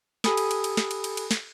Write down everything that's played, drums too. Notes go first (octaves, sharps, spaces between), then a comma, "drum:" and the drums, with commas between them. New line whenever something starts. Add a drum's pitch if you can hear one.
G4 A4 G#5 B5 D#6, drum: snare
drum: cymbal
drum: cymbal
drum: cymbal
drum: snare
drum: cymbal
drum: cymbal
drum: cymbal
drum: snare